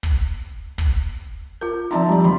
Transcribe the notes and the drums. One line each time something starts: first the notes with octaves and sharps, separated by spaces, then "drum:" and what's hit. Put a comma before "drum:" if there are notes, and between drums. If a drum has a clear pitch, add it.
drum: kick, hi-hat
drum: kick, hi-hat
F4 A#4
F3 C4 D#4 E5 A5 A#5
G3 D5
F#1 B5 C6